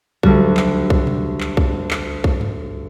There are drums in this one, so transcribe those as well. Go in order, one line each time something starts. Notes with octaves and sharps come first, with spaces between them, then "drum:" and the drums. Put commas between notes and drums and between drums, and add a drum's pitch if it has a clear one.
D2 G3 F#4, drum: kick B1
drum: clap
drum: kick B1
drum: tom B2
drum: clap
drum: kick B1
drum: clap
drum: kick B1
drum: tom G2